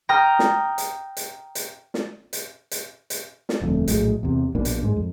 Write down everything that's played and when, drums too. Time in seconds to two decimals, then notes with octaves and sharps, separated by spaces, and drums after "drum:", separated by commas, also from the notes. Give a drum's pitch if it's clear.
0.09 G5 A#5 D#6 F6
0.39 drum: snare
0.78 drum: hi-hat
1.17 drum: hi-hat
1.55 drum: hi-hat
1.94 drum: snare
2.33 drum: hi-hat
2.71 drum: hi-hat
3.10 drum: hi-hat
3.49 drum: snare
3.62 D#1 F2 D3 A3
3.88 A#1 A2 F#3 G#3, drum: hi-hat
4.23 E2 C3
4.55 A#1 B2 A#3 D4
4.65 drum: hi-hat
4.83 G#2 G#3
4.96 F2